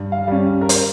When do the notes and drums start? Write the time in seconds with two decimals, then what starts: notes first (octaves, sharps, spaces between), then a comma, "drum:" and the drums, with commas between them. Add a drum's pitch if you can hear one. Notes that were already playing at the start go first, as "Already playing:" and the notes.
Already playing: G2
0.12 F5
0.27 G3 C#4
0.61 A#4
0.69 C5, drum: hi-hat